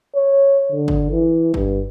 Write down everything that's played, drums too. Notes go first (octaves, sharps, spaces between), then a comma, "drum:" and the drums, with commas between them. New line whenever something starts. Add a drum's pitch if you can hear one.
C#5
D3
drum: kick G1
E3
G2, drum: kick G1